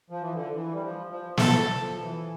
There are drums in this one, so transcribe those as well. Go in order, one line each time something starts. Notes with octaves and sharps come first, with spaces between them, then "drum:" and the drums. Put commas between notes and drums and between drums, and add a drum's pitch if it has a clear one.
F3
E3
D3
E3
G3
F3
F3
E3 A4, drum: snare
E3
D3
F3
E3